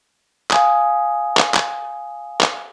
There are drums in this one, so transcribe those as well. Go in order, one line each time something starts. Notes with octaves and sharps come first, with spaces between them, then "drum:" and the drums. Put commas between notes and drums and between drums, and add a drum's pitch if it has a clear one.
F5 G#5 D#6, drum: clap
drum: clap
drum: clap
drum: clap